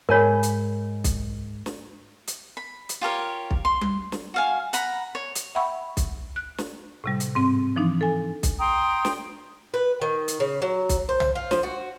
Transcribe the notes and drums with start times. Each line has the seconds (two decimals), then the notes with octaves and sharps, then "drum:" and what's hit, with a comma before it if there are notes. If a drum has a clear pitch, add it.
0.09 G#2 A#4 C#5 G#5 B5
0.43 drum: hi-hat
1.04 drum: kick B1, hi-hat
1.66 drum: snare
2.27 drum: hi-hat
2.57 B5
2.89 drum: hi-hat
3.01 F4 G4 A#4 C#5
3.51 drum: kick B1
3.65 C6
3.81 drum: tom G3
4.12 drum: snare
4.34 F#4 F5 G#5
4.73 F#5 A#5 B5, drum: hi-hat
5.15 C#5
5.35 drum: hi-hat
5.55 E5 F#5 G5 B5 C#6 E6
5.97 drum: kick B1, hi-hat
6.36 F#6
6.58 drum: snare
7.04 A2 C3 G3
7.20 drum: hi-hat
7.35 G#2 C4 C6
7.76 E3 F3 D4 D#4
8.01 A4 G#5
8.43 drum: kick B1, hi-hat
8.60 G5 A#5 C6 D#6
9.05 drum: snare
9.74 B4
10.02 D#3
10.28 drum: hi-hat
10.40 C#3
10.62 F#3
10.89 drum: kick B1, hi-hat
11.09 C5
11.20 drum: tom
11.35 F4
11.51 F3, drum: snare
11.63 F#4